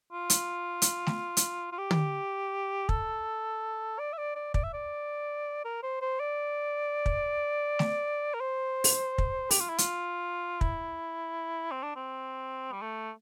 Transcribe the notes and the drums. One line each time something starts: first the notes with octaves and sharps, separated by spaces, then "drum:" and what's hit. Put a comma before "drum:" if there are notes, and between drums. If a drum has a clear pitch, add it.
F4
drum: hi-hat
drum: hi-hat
drum: snare A3
drum: hi-hat
F4
G4
drum: tom
A4, drum: kick
D5
E5
D5
D5
D5, drum: kick
E5
D5
A#4
C5
C5
D5
drum: kick
drum: snare A3
A#4
C5
drum: open hi-hat
drum: kick
G4, drum: open hi-hat
F4
E4
F4, drum: hi-hat
E4, drum: kick
C4
D4
C4
G3
A3